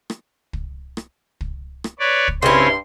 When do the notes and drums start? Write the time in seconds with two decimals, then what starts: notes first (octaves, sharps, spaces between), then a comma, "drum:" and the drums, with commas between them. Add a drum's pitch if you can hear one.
0.10 drum: rim click
0.53 drum: kick
0.97 drum: rim click
1.41 drum: kick
1.84 drum: rim click
1.99 B4 C#5 D5
2.28 drum: kick
2.42 G2 C#3 C4 C#4 E4 C6